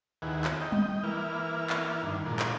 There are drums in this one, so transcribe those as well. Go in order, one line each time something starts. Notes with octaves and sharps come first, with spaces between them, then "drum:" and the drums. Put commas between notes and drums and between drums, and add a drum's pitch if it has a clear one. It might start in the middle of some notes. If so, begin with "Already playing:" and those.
D#2 D#3 E4 G#4 B4 F#5
drum: clap
D#5 G5
drum: tom G3
E3 A#3 E4 B4 F6
drum: clap
G2 D3 D#3
A#2 F3 G#3 D4 A#4
drum: clap